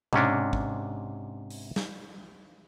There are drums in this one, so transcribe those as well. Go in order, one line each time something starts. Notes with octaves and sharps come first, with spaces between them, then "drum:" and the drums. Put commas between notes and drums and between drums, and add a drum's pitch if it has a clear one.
G#2 C3 C#4 D4, drum: tom B2
drum: kick
drum: open hi-hat
drum: snare